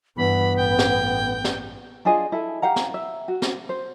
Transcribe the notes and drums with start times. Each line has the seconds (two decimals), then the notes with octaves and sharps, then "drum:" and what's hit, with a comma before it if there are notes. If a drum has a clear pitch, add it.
0.17 G2 E3 B3 B5
0.57 A1 G5
0.79 drum: snare
1.44 drum: snare
2.05 D4 F4 G#4 D#5
2.32 E4 A4
2.62 G4 F5 F#5 A#5
2.76 drum: snare
2.94 E5
3.28 F#4
3.42 drum: snare
3.69 C5